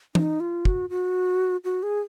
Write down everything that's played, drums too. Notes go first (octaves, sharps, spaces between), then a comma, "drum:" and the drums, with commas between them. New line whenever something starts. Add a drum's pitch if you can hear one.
D#4, drum: tom
F4
F#4, drum: kick
F#4
F#4
G#4